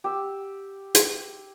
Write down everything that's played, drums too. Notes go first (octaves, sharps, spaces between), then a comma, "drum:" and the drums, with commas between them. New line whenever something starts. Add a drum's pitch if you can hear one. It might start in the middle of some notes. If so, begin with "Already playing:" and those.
G4 E6
G#4, drum: hi-hat